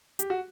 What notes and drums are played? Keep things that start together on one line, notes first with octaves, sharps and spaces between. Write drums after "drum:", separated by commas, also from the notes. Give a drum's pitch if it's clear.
G4, drum: hi-hat
F#4